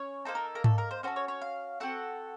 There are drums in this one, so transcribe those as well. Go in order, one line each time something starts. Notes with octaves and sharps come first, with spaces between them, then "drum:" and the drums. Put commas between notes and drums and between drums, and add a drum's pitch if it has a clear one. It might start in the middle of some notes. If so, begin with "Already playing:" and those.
Already playing: C#4 C#5
A#3 D#4 A4 C5
A#4
A#4
A4, drum: tom G#2
A#4
C5
C#4 F#4 A4 C5
C#5
C#5
F5
C4 F#4 A4 F#5